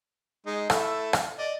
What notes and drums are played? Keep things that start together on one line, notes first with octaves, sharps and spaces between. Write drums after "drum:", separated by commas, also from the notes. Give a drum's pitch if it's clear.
G#3 D#4
A3 E4 A4, drum: rim click
drum: rim click
D5 D#5